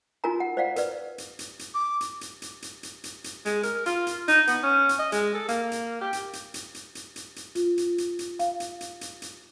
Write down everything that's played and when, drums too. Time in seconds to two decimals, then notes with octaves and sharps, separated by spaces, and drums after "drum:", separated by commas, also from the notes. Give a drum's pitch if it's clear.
0.24 D#4 F4 F#4 A#4 G#5 A#5
0.40 F#5
0.57 C5 D5 F5 F#5
0.76 A#4 B4 D5, drum: hi-hat
1.18 drum: hi-hat
1.39 drum: hi-hat
1.59 drum: hi-hat
1.74 D6
2.01 drum: hi-hat
2.21 drum: hi-hat
2.42 drum: hi-hat
2.62 drum: hi-hat
2.83 drum: hi-hat
3.04 drum: hi-hat
3.24 drum: hi-hat
3.46 G#3, drum: hi-hat
3.63 A#4, drum: hi-hat
3.86 F4, drum: hi-hat
4.07 drum: hi-hat
4.28 D#4, drum: hi-hat
4.47 B3, drum: hi-hat
4.63 C#4
4.89 drum: hi-hat
4.99 D#5
5.12 G#3, drum: hi-hat
5.35 A4
5.48 A#3, drum: hi-hat
5.72 drum: hi-hat
6.01 G4
6.13 drum: hi-hat
6.33 drum: hi-hat
6.54 drum: hi-hat
6.75 drum: hi-hat
6.95 drum: hi-hat
7.16 drum: hi-hat
7.36 drum: hi-hat
7.55 F4, drum: hi-hat
7.78 drum: hi-hat
7.98 drum: hi-hat
8.19 drum: hi-hat
8.39 F5, drum: hi-hat
8.60 drum: hi-hat
8.81 drum: hi-hat
9.01 drum: hi-hat
9.22 drum: hi-hat